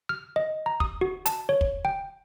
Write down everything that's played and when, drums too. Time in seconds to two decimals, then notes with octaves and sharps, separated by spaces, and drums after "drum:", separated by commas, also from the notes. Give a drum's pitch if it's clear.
0.09 F6
0.36 D#5
0.66 A#5
0.80 D#6, drum: kick
1.01 F#4
1.26 A5, drum: hi-hat
1.49 C#5
1.61 drum: kick
1.85 G5